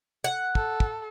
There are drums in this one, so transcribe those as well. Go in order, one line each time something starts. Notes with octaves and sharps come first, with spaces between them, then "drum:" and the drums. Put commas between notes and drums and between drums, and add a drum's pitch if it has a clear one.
F#5
A4, drum: kick
drum: kick